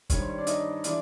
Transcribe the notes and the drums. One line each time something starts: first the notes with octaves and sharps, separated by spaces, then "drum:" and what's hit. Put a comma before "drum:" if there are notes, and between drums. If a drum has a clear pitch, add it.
G2 D#3 G3 C#5, drum: kick, hi-hat
C5
C#5
D4 D5
D#4 D#5, drum: hi-hat
E3 G#3 D4 D5, drum: hi-hat